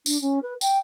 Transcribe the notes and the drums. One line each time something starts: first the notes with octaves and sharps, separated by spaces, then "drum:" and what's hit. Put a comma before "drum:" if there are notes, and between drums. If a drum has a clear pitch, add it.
D4, drum: tambourine
C#4
B4
G5, drum: tambourine